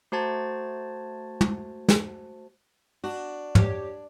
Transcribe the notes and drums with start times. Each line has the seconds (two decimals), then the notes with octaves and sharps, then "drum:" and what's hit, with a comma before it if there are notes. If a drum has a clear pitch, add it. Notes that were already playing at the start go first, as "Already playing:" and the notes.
0.12 A3 F#4 C5 A5 G#6 A6
1.41 drum: tom
1.89 drum: snare
3.04 D4 F#4
3.55 G4 C#5, drum: tom